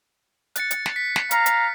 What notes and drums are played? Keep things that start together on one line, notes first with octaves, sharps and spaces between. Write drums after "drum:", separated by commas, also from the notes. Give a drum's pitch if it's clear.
F#6 A6 C#7, drum: hi-hat
drum: hi-hat
drum: snare
B6
drum: snare
F5 A#5, drum: hi-hat
drum: hi-hat